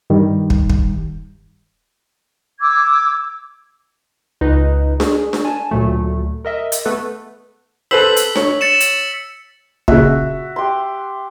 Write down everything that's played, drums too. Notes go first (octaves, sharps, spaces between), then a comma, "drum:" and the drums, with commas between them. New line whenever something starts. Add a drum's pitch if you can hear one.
G2 D#3 G3
drum: kick
drum: kick
D6 E6 G#6
C#2 D#4 B4 D#5
G#4, drum: snare D4
drum: snare D4
G#5 A5
D2 A#2 F#3 A3
A#4 D#5 E5
drum: hi-hat
A3 B3 A4 B4
A4 B4 C5 E6 B6 F#7
drum: hi-hat
C#5, drum: snare D4
A6 C#7 E7
drum: hi-hat
A#2 C#3 F#4 E5 F#5, drum: kick
G4 C6